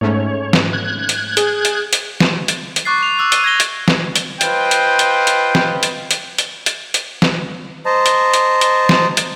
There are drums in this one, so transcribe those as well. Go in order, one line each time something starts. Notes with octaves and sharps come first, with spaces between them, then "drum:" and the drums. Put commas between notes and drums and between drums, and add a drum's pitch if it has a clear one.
G#2 A3 C#4 C#5
drum: snare
F#6 G#6
drum: hi-hat
G#4, drum: hi-hat
drum: hi-hat
drum: hi-hat
drum: snare
drum: hi-hat
drum: hi-hat
C#6 D6 F#6 A6 C7
C#6 F7
D6 E6 F#6
D#7, drum: hi-hat
G#6 A#6 G7
drum: hi-hat
drum: snare
drum: hi-hat
F4 B4 C5 D#5 G5, drum: hi-hat
drum: hi-hat
drum: hi-hat
drum: hi-hat
drum: snare
drum: hi-hat
drum: hi-hat
drum: hi-hat
drum: hi-hat
drum: hi-hat
drum: snare
C5 D#5 A5 A#5
drum: hi-hat
drum: hi-hat
drum: hi-hat
drum: snare
drum: hi-hat